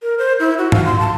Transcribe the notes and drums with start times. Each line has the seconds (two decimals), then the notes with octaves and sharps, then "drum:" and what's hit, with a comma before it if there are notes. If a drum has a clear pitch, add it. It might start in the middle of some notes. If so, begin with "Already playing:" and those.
0.02 A#4
0.18 C5
0.40 E4
0.58 F#4
0.72 F5, drum: tom G#2
0.86 C6
1.00 A5